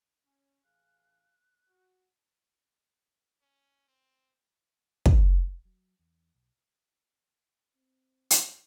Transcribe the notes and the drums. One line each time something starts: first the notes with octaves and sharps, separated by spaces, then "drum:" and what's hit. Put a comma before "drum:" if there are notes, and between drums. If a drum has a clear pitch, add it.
C#4
A1 G#4 F5 F#6
F#4
C#4
C4
drum: kick
F#3
E2
B1
C4
drum: hi-hat